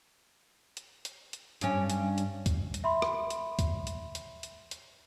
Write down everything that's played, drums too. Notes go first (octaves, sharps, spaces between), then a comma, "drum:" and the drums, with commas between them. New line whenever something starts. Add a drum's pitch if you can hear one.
drum: hi-hat
drum: hi-hat
drum: hi-hat
G2 C#4, drum: hi-hat
drum: hi-hat
drum: hi-hat
drum: kick, hi-hat
drum: hi-hat
E5 B5 C6
drum: rim click
drum: hi-hat
drum: kick, hi-hat
drum: hi-hat
drum: hi-hat
drum: hi-hat
drum: hi-hat